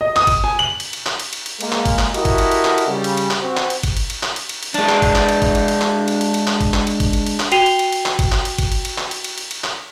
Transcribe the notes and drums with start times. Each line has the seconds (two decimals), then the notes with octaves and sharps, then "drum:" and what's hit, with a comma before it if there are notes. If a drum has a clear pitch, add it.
0.01 D#5
0.16 D#6, drum: clap
0.27 drum: kick G1, cymbal
0.44 G#5
0.59 F#7
0.80 drum: cymbal
0.93 drum: cymbal
1.06 drum: clap
1.20 drum: cymbal
1.33 drum: cymbal
1.46 drum: cymbal
1.61 G#3 A#3, drum: cymbal
1.72 drum: clap
1.85 drum: kick G1, cymbal
1.99 drum: clap
2.14 E4 F#4 G4 A4 A#4 D#5, drum: cymbal
2.25 drum: kick G1, cymbal
2.38 drum: cymbal
2.51 drum: cymbal
2.65 drum: clap
2.78 drum: cymbal
2.88 C#3 G3
3.04 drum: cymbal
3.17 drum: cymbal
3.31 drum: clap
3.41 C4 F#4
3.57 drum: clap
3.70 drum: cymbal
3.83 drum: kick G1, cymbal
3.97 drum: cymbal
4.10 drum: cymbal
4.23 drum: clap
4.36 drum: cymbal
4.49 drum: cymbal
4.63 drum: cymbal
4.74 G#3 D4, drum: cymbal
4.89 drum: clap
5.02 drum: kick G1, cymbal
5.15 drum: clap
5.29 drum: cymbal
5.42 drum: kick G1, cymbal
5.55 drum: cymbal
5.68 drum: cymbal
5.81 drum: clap
6.08 drum: cymbal
6.21 drum: cymbal
6.34 drum: cymbal
6.47 drum: clap
6.61 drum: kick G1, cymbal
6.74 drum: clap
6.87 drum: cymbal
7.00 drum: kick G1, cymbal
7.13 drum: cymbal
7.26 drum: cymbal
7.40 drum: clap
7.52 F#4 G5 C7 D#7 F7 G7, drum: cymbal
7.66 drum: cymbal
7.79 drum: cymbal
7.92 drum: cymbal
8.06 drum: clap
8.19 drum: kick G1, cymbal
8.32 drum: clap
8.45 drum: cymbal
8.58 drum: kick G1, cymbal
8.72 drum: cymbal
8.85 drum: cymbal
8.98 drum: clap
9.11 drum: cymbal
9.24 drum: cymbal
9.38 drum: cymbal
9.51 drum: cymbal
9.64 drum: clap